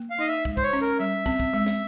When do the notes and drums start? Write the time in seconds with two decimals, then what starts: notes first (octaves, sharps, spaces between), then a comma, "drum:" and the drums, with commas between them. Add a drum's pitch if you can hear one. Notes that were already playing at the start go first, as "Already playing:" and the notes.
Already playing: A#3
0.10 F5
0.18 D#4 D#5
0.28 E5
0.45 G#3, drum: kick
0.57 C5, drum: kick
0.63 C#5
0.73 C#4
0.82 A#4
1.00 G3 E5
1.26 C4, drum: kick
1.40 drum: kick
1.54 G#3
1.66 drum: snare